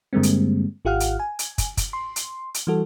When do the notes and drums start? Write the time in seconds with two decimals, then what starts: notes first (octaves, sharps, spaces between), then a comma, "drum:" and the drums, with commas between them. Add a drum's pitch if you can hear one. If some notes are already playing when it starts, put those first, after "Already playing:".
0.13 G2 D3 G3 G#3 A#3 C4
0.23 drum: hi-hat
0.85 G#1 F4 G4 F5 F#5 F6
1.00 drum: hi-hat
1.20 G#5
1.39 drum: hi-hat
1.58 drum: kick, hi-hat
1.77 drum: kick, hi-hat
1.93 C6
2.16 drum: hi-hat
2.54 drum: hi-hat
2.67 E3 G3 F#4 A4